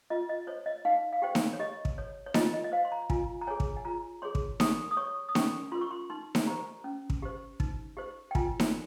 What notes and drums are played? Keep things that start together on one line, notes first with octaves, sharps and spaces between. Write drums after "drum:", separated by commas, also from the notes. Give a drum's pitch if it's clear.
F4 D#5
D#5
C5 C#5
D#5
D#4 F5
F5
G4 C5 G5
drum: snare D#4
C#5
G4 D#5
drum: kick
C#5
C#5
F4 D#5, drum: snare D#4
D#5
D#5
C5 F5
C6
A#5
F4 G#5, drum: kick
A#5
G#4 C#5 G#5
drum: kick
G#5
F4 A#5
G#4 C#5 C6
drum: kick
G4 D#6, drum: snare D#4
D#6
C#5 C#6
D#6
C#4 C#6, drum: snare D#4
F4 A#4 C6
C#6
C6
D#4 C6
drum: snare D#4
G4 C5 A#5
C#4
drum: kick
G4 C5
D#4, drum: kick
G4 C5
G5
F4 G#5, drum: kick
drum: snare D#4